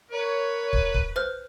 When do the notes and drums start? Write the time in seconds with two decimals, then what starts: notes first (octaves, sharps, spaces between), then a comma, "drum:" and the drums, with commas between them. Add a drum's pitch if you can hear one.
0.11 A#4 B4 C#5
0.73 drum: kick
0.94 drum: kick
1.16 B4 C5 F6